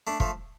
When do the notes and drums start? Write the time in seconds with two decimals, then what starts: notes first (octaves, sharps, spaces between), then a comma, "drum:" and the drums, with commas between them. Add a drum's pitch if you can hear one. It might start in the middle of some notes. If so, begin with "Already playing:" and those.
0.07 A3 D4
0.20 F3 A3, drum: kick